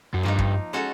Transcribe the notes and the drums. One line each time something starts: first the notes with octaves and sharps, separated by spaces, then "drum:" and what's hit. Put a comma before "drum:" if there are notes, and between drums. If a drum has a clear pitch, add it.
F#2
G2 F3 A#3 D#4
drum: kick
G#3 C#4 F#4 A4